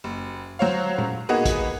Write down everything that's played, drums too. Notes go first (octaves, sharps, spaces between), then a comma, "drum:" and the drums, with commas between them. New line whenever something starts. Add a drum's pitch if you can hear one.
F#1
F#3 C5 C#5 F5
drum: tom A#2
A#3 B3 D#4 F#4 G#4 B4
drum: kick, hi-hat